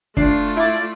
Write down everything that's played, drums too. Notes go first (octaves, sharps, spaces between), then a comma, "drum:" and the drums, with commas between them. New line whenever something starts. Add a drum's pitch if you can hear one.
A3 D4 F4 C7, drum: kick
E4 D5